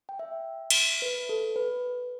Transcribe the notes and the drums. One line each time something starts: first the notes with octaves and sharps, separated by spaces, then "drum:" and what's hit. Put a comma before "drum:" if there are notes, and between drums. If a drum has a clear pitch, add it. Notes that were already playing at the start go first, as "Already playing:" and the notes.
G5
E5
drum: cymbal
B4
A4
B4